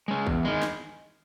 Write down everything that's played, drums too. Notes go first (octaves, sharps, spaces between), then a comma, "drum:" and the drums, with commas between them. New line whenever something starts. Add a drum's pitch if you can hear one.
G#3 C#4
E2, drum: kick
D#3 G#3
drum: snare